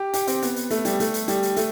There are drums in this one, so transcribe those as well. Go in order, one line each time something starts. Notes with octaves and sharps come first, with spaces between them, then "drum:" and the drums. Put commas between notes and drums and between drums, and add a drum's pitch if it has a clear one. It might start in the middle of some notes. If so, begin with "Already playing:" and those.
Already playing: G4
G4, drum: hi-hat
C4, drum: hi-hat
B3, drum: hi-hat
drum: hi-hat
A3, drum: hi-hat
G3, drum: hi-hat
A3, drum: hi-hat
drum: hi-hat
G3, drum: hi-hat
drum: hi-hat
A3, drum: hi-hat